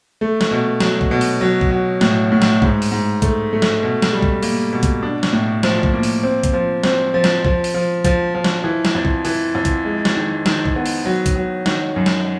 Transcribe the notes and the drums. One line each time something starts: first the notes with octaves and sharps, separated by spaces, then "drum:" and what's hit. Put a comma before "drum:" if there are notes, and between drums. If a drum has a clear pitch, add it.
A3
drum: snare
B2
F#3, drum: snare
drum: kick B1
B2
drum: open hi-hat
F#3
drum: kick B1
F#3
A2, drum: snare
A2
drum: snare
G#2, drum: kick B1
drum: open hi-hat
G#2
A3, drum: kick B1, hi-hat
A3
drum: snare
B2
drum: snare
G3
drum: kick B1
A#3, drum: open hi-hat
B2
drum: kick B1, hi-hat
D4
drum: snare
A2
F3, drum: snare
drum: kick B1
A#3
drum: open hi-hat
C4
drum: kick B1, hi-hat
F3
C4, drum: snare
F3
drum: snare
F3, drum: kick B1
drum: open hi-hat
F3
F3, drum: kick B1, hi-hat
F3
drum: snare
E3
drum: snare
F2
drum: kick B1
E3, drum: open hi-hat
F2
drum: kick B1, hi-hat
G#3
drum: snare
D#3
D#3, drum: snare
drum: kick B1
B3
drum: open hi-hat
F#3
drum: kick B1, hi-hat
F#3
D#3, drum: snare
F#2
drum: snare